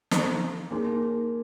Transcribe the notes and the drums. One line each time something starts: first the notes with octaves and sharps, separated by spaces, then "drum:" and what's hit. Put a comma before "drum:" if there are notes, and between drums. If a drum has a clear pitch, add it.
C5 F5 A#5 C#6, drum: snare
A#3 D#4 G#4 C#5 G#5 C6